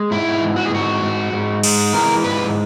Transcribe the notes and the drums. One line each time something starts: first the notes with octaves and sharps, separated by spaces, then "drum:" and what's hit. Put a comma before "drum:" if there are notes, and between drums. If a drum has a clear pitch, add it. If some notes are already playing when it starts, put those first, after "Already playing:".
Already playing: G#3
G#2 E4
E3
F#4
G#4
G#2 F#4
G#2
G#2
G#3, drum: cymbal
E3 A#4
G#2 B4